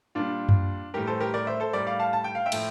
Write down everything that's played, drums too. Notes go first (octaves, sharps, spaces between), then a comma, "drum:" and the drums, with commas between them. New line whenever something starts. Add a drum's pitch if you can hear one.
A#2 G3 D4 F4
drum: tom F#2
A2 E3 G3 G4 A#4
A4 C5
G4 A#4
A#4 D5
C5 E5
A4 C5
A2 G3 A#4 D5
D5 F5
F5 A5
A5
G5
F5
E5 G5
A2 F3, drum: cymbal